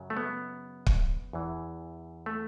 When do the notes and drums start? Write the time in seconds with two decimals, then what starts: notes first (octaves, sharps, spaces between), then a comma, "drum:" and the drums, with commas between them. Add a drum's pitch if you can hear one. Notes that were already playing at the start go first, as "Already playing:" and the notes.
Already playing: F#2 C#3 F#3
0.10 A3
0.17 B3
0.86 drum: kick
1.33 E2 E3
2.26 A3